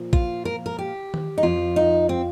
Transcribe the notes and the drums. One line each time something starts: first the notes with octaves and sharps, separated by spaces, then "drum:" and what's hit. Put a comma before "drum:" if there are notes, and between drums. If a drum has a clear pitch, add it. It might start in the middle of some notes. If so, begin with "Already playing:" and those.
Already playing: A#2 F3
F4, drum: kick
A#4
A#4
G4
drum: tom D#3
D#4
F2 F3 F4
D#4
C4